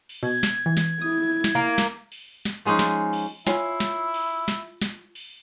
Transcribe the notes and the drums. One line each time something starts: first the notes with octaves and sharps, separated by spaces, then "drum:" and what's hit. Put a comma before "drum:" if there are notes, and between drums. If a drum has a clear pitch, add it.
drum: cymbal
B2 G#6
drum: snare
E3
drum: snare
E4 D#6
drum: snare
A#3
drum: snare
drum: cymbal
drum: snare
F3 G#3 C#4 D#4
drum: snare
drum: cymbal
E4 F4 C#5 G#5, drum: snare
drum: snare
drum: cymbal
drum: snare
drum: snare
drum: cymbal